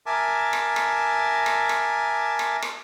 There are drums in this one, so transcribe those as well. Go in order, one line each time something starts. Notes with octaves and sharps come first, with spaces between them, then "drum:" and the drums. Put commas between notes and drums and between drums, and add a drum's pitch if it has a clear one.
A#4 E5 G#5 A5 D6
drum: rim click
drum: rim click
drum: rim click
drum: rim click
drum: rim click
drum: rim click